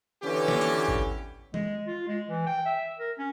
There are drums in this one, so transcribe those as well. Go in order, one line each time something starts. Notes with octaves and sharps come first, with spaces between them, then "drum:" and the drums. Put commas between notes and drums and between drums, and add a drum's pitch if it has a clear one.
D3 E3 B3 C#4 G4
drum: snare
drum: hi-hat
drum: kick A1
G#3, drum: tom D#3
F4
G#3
E3
G5
E5
A#4
C#4